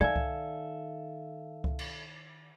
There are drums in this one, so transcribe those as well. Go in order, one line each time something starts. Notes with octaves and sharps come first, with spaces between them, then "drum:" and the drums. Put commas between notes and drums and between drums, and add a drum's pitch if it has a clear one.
D#3 D#4 A4 D5 E5 F5 G#5
drum: kick C#2
drum: kick C#2
drum: cymbal